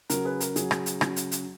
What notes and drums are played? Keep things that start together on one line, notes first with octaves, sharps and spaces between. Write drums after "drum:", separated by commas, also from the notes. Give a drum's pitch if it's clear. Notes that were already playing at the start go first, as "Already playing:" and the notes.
C#3 F#3 A#4, drum: hi-hat
G#4 B4
A#4, drum: hi-hat
C#3 F#3 G#4, drum: hi-hat
drum: rim click
drum: hi-hat
C#3 F#3, drum: rim click
drum: hi-hat
drum: hi-hat